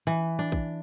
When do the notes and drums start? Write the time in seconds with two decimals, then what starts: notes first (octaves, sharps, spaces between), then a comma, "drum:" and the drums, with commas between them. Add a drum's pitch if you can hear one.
0.07 E3
0.39 D4
0.52 drum: kick